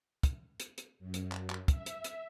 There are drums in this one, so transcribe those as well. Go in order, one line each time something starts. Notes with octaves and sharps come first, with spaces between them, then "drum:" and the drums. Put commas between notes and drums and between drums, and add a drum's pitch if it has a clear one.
drum: kick, hi-hat
drum: hi-hat
drum: hi-hat
F#2
drum: hi-hat
drum: clap
drum: clap
E5, drum: kick, hi-hat
drum: hi-hat
drum: hi-hat